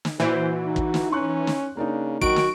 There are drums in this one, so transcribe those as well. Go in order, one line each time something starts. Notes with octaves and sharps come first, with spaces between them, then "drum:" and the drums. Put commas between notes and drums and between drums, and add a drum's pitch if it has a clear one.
drum: snare
A#2 E3 F#4 C5 D7
D#4
drum: kick
drum: snare
C#4 C6 C#6 F#6
drum: snare
C#3 A#3 D4 D#4
D#3 F#3 F#4 D7, drum: kick
drum: snare